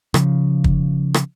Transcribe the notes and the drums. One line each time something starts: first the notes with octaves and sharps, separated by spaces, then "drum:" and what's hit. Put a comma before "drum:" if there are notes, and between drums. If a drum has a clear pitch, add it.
C#3 F3, drum: rim click
drum: kick
drum: rim click